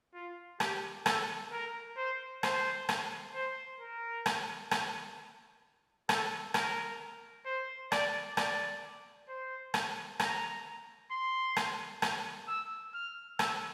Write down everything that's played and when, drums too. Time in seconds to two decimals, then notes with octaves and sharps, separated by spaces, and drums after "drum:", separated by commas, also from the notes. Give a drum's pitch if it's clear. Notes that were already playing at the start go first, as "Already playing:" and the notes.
0.14 F4
0.60 G4, drum: rim click
1.06 A4, drum: rim click
1.52 A#4
1.97 C5
2.43 C5, drum: rim click
2.89 drum: rim click
3.34 C5
3.80 A#4
4.26 drum: rim click
4.71 drum: rim click
6.09 A4, drum: rim click
6.54 A#4, drum: rim click
7.46 C5
7.92 D5, drum: rim click
8.37 D5, drum: rim click
9.29 C5
9.74 drum: rim click
10.20 A#5, drum: rim click
11.11 C6
11.56 drum: rim click
12.02 drum: rim click
12.48 E6
12.94 F6
13.39 E6, drum: rim click